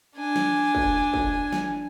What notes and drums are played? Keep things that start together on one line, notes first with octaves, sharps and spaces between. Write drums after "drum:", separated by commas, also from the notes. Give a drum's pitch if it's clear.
D4 G#5
drum: snare
drum: kick
drum: kick
drum: snare